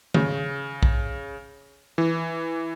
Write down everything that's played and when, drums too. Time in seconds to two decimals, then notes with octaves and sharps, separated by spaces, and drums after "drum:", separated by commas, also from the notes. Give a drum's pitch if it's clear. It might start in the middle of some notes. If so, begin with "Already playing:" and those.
0.14 C#3, drum: tom
0.83 drum: kick A#1
1.98 E3